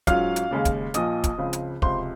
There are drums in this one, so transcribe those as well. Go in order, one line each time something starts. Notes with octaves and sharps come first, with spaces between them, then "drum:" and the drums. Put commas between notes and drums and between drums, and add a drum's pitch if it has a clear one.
G#2 F#3 C#4 F4 F5 F6, drum: kick, hi-hat
drum: hi-hat
D#2 C#3 G#3
drum: kick, hi-hat
A#1 A#2 F3 D#5 D#6, drum: hi-hat
drum: kick, hi-hat
C#2 C#3 F3 C4
drum: hi-hat
C#2 C3 F3 C5 C6, drum: kick